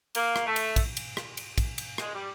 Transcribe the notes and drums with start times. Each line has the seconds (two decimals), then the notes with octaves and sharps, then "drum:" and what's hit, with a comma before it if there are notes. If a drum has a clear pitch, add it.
0.15 A#3, drum: cymbal
0.36 drum: rim click
0.45 A3
0.56 drum: cymbal
0.76 drum: kick, cymbal
0.97 drum: cymbal
1.17 drum: rim click
1.37 drum: cymbal
1.58 drum: kick, cymbal
1.78 drum: cymbal
1.98 G#3, drum: rim click
2.13 G3